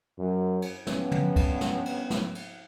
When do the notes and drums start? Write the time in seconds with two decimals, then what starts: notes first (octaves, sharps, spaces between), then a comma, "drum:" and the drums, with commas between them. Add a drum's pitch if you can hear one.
0.18 F#2
0.62 drum: cymbal
0.87 G2 B3 C#4, drum: snare
1.11 drum: tom
1.36 drum: kick, cymbal
1.61 drum: snare
1.86 drum: cymbal
2.10 drum: snare
2.35 drum: cymbal